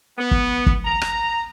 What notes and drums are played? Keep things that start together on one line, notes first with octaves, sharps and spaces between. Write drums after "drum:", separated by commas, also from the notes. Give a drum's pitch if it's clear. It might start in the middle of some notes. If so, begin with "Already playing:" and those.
B3
drum: kick
drum: kick
A#5
drum: rim click